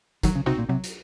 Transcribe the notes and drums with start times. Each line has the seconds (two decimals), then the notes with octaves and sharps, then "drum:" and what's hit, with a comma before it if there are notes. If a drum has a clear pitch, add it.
0.23 D#3 F#3, drum: kick, hi-hat
0.35 C#3
0.46 C3 C4 D#4 F#4
0.58 A#2
0.69 C3 F#3
0.84 drum: hi-hat